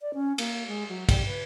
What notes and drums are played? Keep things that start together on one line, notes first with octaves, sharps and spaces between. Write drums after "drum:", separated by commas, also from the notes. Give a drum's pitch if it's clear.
D5
C#4
A#3, drum: cymbal
G#3
F#3
G3, drum: kick, cymbal
B4